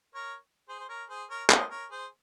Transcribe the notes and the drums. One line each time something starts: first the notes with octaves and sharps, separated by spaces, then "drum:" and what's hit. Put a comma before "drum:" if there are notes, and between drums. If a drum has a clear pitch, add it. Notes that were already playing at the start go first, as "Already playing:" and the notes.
A#4 C#5
G#4 C5
C5
A#4 C#5
G#4 C5
A#4 C#5
C5 D#5, drum: clap
A#4 C#5
G#4 C5